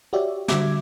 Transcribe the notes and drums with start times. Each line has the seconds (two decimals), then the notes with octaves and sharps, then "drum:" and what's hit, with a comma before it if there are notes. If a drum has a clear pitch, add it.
0.13 F#4 G4 C#5 D5 E5
0.48 D3 G3 F#4 E5 D6 G#6, drum: snare